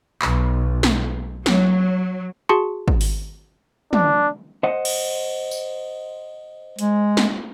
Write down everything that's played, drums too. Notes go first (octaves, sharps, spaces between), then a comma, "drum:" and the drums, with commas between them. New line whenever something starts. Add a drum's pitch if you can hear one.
B1, drum: clap
drum: snare
F#3, drum: snare
F#4 G#4 A5 C6 C#6 C#7
drum: kick
drum: open hi-hat
D4, drum: tom
C5 D#5 F#5
drum: cymbal
drum: tambourine
G#3, drum: hi-hat
drum: snare